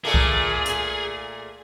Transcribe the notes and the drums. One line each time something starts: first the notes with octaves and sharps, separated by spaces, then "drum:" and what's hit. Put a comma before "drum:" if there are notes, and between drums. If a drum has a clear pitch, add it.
A#2 A3 A#3 G#4
drum: kick C2
drum: hi-hat